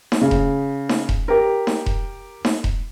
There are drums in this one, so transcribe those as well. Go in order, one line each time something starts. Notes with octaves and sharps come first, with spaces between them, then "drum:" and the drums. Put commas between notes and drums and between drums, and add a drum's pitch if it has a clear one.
drum: snare D#4
C#3
drum: kick E1
drum: snare D#4
drum: kick E1
G4 A#4
drum: snare D#4
drum: kick E1
drum: snare D#4
drum: kick E1